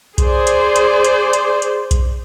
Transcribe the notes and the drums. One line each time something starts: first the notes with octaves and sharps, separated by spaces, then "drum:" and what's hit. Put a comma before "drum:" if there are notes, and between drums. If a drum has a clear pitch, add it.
G#4 C5 D5, drum: kick B1, hi-hat
drum: hi-hat
drum: hi-hat
drum: hi-hat
drum: hi-hat
drum: hi-hat
drum: kick B1, hi-hat